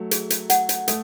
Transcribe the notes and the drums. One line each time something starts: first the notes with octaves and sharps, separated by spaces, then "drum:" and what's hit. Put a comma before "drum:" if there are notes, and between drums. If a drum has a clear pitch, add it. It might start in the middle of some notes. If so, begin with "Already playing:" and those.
Already playing: F#3 A3
G#4, drum: hi-hat
drum: hi-hat
F#5, drum: hi-hat
drum: hi-hat
A3 A4, drum: hi-hat